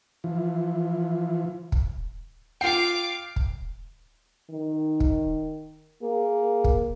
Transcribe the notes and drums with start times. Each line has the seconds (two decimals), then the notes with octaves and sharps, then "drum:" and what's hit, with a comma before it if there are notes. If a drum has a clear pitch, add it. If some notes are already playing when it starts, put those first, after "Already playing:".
0.24 E3 F3
1.72 drum: kick
2.61 F4 F5 G5 D6 C7
3.36 drum: kick
4.50 D#3
5.00 drum: kick
6.03 A#3 G#4
6.64 drum: kick